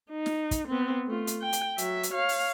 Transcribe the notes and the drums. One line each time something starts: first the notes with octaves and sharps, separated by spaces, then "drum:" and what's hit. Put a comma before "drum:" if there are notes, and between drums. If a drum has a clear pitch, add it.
D#4
drum: snare
drum: kick, hi-hat
B3 C4
A3 F4
drum: hi-hat
G5
drum: hi-hat
F#3 E5, drum: hi-hat
drum: hi-hat
C#5 F5
drum: open hi-hat